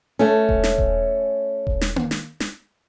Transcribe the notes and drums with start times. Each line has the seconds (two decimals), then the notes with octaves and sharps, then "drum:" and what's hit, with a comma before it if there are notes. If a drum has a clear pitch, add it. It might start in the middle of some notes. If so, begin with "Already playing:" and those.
0.19 A3 C#4
0.49 drum: kick E1
0.64 drum: snare
0.78 drum: kick E1
1.67 drum: kick E1
1.81 drum: snare
1.96 drum: tom A#3
2.11 drum: snare
2.40 drum: snare